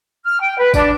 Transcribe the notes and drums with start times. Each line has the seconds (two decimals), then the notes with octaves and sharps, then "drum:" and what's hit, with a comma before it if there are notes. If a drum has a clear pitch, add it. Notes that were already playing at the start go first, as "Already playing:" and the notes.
0.25 F6
0.40 G5
0.58 B4
0.74 D4, drum: kick, tambourine